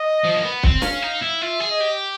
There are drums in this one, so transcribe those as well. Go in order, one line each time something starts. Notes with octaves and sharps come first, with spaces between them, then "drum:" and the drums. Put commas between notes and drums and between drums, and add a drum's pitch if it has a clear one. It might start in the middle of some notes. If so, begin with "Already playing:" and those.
Already playing: D#5
F3
A#3
B3
C4, drum: kick
C#4 F5, drum: snare
D#4
E4
F4 E5
G#4
D#5
G4